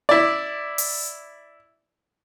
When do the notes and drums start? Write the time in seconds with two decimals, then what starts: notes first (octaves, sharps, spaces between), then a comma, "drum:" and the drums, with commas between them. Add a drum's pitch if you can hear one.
0.09 E4 D5
0.78 drum: open hi-hat